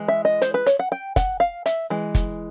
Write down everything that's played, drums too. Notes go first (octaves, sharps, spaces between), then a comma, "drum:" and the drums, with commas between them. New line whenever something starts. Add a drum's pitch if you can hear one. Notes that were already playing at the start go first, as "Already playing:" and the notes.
Already playing: E3 G#3
E5
D#5
C5, drum: hi-hat
B4
C#5, drum: hi-hat
F#5
G5
F#5, drum: kick, hi-hat
F5
E5, drum: hi-hat
E3 G#3
drum: kick, hi-hat